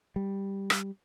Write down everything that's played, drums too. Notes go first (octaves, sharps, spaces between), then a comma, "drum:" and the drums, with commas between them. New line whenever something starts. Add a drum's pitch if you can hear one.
G3
drum: rim click